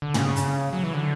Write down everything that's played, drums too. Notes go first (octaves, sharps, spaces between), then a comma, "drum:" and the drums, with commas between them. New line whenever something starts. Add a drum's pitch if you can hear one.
D3
C#3, drum: tom
drum: hi-hat
F#3
E3
D3